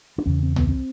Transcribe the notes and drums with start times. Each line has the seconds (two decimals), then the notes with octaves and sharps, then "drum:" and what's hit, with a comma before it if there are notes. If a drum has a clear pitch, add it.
0.18 D4
0.26 E2 C#3 C#4
0.43 C4
0.56 B3, drum: tom
0.69 C4